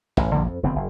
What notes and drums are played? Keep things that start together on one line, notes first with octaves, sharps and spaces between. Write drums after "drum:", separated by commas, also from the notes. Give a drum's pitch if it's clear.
A1, drum: tom
A#1 D3 F3 A#3
F2
F1 D3 B3 C4
F#1